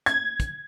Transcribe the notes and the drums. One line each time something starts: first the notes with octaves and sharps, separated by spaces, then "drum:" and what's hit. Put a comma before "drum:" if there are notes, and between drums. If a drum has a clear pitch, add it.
G#6, drum: hi-hat
drum: kick, hi-hat